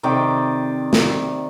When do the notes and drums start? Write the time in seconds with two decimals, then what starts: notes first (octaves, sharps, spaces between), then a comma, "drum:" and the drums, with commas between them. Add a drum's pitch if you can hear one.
0.03 C3 D#3 D5 G5
0.93 drum: snare